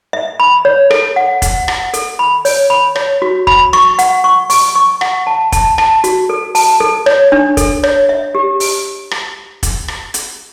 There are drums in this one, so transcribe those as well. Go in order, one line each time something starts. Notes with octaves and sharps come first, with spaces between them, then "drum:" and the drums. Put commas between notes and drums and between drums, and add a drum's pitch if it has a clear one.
E5
B5
C#5
A4, drum: rim click
F#5
F#5, drum: kick, hi-hat
F#5, drum: rim click
A4, drum: hi-hat
B5
C#5, drum: open hi-hat
B5
C#5, drum: rim click
F#4
B5, drum: kick
C#6, drum: rim click
F#5, drum: hi-hat
C#6
C#6, drum: open hi-hat
C#6
F#5, drum: rim click
A5
A5, drum: kick, hi-hat
A5, drum: rim click
F#4, drum: hi-hat
A4
A5, drum: open hi-hat
A4
C#5, drum: rim click
D4
A4, drum: kick, hi-hat
C#5, drum: rim click
E5
G4
drum: open hi-hat
drum: rim click
drum: kick, hi-hat
drum: rim click
drum: hi-hat